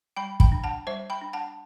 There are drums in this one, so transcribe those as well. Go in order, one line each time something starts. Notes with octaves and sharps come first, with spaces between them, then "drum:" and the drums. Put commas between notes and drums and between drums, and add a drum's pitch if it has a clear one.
G3 G5 B5
G5 B5, drum: kick
D4
F#5 A5
G3 C5 E5
G5 B5
D4
F#5 A5